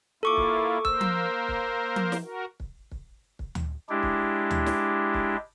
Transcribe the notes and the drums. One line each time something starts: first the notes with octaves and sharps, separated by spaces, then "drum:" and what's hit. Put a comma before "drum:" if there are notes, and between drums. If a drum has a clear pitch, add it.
A#3 E4 F4 A4 C#6 D6
drum: kick
A#3 A#4 C5 E6, drum: kick
drum: tom F3
drum: kick
drum: tom F3
drum: snare
F#4 A#4
drum: kick
drum: kick
drum: kick
drum: tom D2
G#3 D4 E4 G4
drum: kick
drum: tom D2
drum: snare
drum: kick